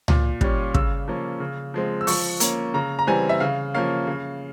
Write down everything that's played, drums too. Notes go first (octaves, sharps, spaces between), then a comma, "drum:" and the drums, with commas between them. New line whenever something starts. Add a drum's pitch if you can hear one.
A#2, drum: tom C#2
G3 C#4, drum: kick
C#3 E6, drum: kick
F3 A#3 C#4
C#3
F3 G#3 C4
E6
F3 C#6, drum: open hi-hat
A#3 C#4, drum: hi-hat
C#3 A#5
A#5
E3 G3 C4 G#5
E5
C#3 F5
F3 A#3 C#4 F5
C#3